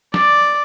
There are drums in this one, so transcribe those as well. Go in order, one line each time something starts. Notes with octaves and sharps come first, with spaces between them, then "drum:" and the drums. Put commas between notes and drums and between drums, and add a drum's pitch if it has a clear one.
D5, drum: snare